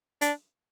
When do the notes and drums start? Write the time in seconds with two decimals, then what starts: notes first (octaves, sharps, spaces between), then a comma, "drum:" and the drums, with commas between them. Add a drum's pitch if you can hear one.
0.21 D4, drum: hi-hat